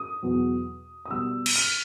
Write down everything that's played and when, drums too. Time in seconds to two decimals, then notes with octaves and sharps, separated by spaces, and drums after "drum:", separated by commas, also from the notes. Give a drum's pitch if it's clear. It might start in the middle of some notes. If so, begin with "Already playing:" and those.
Already playing: D#6
0.22 E2 B2 F#3
1.05 D#6
1.11 B2 G3 E6
1.46 drum: cymbal
1.56 F6